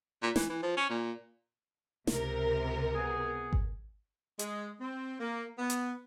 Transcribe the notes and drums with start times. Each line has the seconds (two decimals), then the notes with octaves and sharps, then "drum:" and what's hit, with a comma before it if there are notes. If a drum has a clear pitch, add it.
0.22 A#2
0.36 E3, drum: snare
0.50 E3
0.63 F3
0.77 C#4
0.90 A#2
2.07 C#2 C3 A#4, drum: snare
2.95 B3 G#4
3.53 drum: kick G#1
4.39 G#3, drum: hi-hat
4.81 C4
5.20 A#3
5.59 B3
5.70 drum: hi-hat